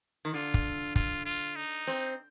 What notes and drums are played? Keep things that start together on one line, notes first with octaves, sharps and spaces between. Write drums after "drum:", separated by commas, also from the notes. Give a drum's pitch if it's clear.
D#3
D3 F4
drum: kick
F4, drum: kick
F4
D#4
C4